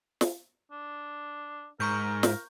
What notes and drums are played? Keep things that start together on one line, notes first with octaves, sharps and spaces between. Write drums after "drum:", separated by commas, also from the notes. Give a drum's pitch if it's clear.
drum: snare
D4
G#2 A#4 A#5 C#6 G6
drum: snare